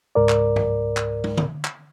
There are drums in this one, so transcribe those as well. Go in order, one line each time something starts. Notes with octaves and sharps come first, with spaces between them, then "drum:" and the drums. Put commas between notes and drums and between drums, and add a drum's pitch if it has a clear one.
C#2 G#2 A#4 D5
drum: clap
drum: tom G2
drum: clap
drum: tom
drum: tom D3
drum: clap